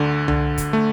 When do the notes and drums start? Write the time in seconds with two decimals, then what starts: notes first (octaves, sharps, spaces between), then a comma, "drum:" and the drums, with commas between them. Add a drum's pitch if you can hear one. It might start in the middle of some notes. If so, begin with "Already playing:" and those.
Already playing: D2 D3
0.28 D3, drum: tom C2
0.58 drum: kick, hi-hat
0.73 A3